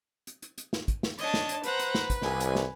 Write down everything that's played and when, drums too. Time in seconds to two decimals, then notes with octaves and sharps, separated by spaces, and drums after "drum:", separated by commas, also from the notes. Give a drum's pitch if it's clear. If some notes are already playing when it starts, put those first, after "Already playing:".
0.27 drum: hi-hat
0.42 drum: hi-hat
0.58 drum: hi-hat
0.73 drum: snare
0.88 drum: kick, hi-hat
1.03 drum: snare
1.18 D4 C#5 D#5 A5, drum: hi-hat
1.34 drum: snare
1.49 drum: hi-hat
1.64 B4 C5 F#5 A#5, drum: hi-hat
1.79 drum: hi-hat
1.95 drum: snare
2.10 drum: kick, hi-hat
2.22 C2 G#5, drum: snare
2.40 drum: hi-hat
2.55 drum: snare